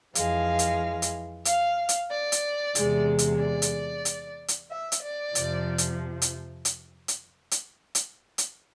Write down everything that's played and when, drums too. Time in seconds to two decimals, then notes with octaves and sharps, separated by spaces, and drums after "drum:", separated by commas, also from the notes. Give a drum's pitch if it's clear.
0.15 F2 E3 G#3 F5, drum: hi-hat
0.59 drum: hi-hat
1.02 drum: hi-hat
1.45 F5, drum: hi-hat
1.89 drum: hi-hat
2.10 D5
2.32 drum: hi-hat
2.75 E2 C3 G#3, drum: hi-hat
3.19 drum: hi-hat
3.40 D5
3.62 drum: hi-hat
4.05 drum: hi-hat
4.48 drum: hi-hat
4.70 E5
4.92 drum: hi-hat
5.02 D5
5.35 F2 C3 F3, drum: hi-hat
5.78 drum: hi-hat
6.22 drum: hi-hat
6.65 drum: hi-hat
7.08 drum: hi-hat
7.51 drum: hi-hat
7.95 drum: hi-hat
8.38 drum: hi-hat